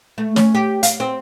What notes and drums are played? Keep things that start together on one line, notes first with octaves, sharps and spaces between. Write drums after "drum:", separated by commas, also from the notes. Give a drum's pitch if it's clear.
A3
C#4, drum: snare
G4
F5, drum: hi-hat
C4